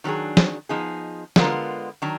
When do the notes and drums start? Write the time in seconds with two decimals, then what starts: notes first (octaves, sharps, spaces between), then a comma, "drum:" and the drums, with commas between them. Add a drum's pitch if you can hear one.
0.04 D#3 F#3 D4 G#4
0.37 drum: snare
0.69 F3 B3 D#4 G#4
1.36 D3 G#3 B3 F4 A#4, drum: snare
2.02 D#3 F#3 D4